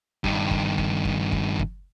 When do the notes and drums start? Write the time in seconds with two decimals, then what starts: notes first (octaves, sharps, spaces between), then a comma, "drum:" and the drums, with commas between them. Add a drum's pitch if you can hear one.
0.24 G2 D#3, drum: kick
0.51 drum: kick
0.78 drum: kick
1.05 drum: kick
1.32 drum: kick
1.59 drum: kick